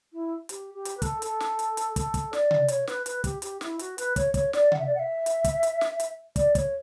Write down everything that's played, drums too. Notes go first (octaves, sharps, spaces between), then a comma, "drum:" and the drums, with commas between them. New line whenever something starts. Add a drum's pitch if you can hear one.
E4
G4, drum: hi-hat
G4
drum: hi-hat
B4
A4, drum: kick, hi-hat
A4, drum: hi-hat
drum: snare
drum: hi-hat
drum: hi-hat
A4, drum: kick, hi-hat
drum: kick, hi-hat
D5, drum: snare
drum: tom C3
C#5, drum: hi-hat
B4, drum: snare
B4, drum: hi-hat
G4, drum: kick, hi-hat
G4, drum: hi-hat
E4, drum: snare
F#4, drum: hi-hat
B4, drum: hi-hat
C#5, drum: kick, hi-hat
C#5, drum: kick, hi-hat
D5, drum: snare
F#5, drum: tom C3
E5
D5
F#5
E5
drum: hi-hat
drum: kick, hi-hat
drum: hi-hat
drum: snare
drum: hi-hat
D5, drum: kick, hi-hat
C#5, drum: kick, hi-hat